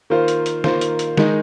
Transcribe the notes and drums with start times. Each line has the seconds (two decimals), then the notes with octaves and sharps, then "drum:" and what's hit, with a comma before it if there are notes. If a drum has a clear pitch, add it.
0.10 D#3 A#3 F4 C5
0.28 drum: hi-hat
0.46 drum: hi-hat
0.64 D#3 A#3 F4 C5, drum: snare
0.81 drum: hi-hat
0.99 drum: hi-hat
1.17 D#3 G#3 D#4, drum: snare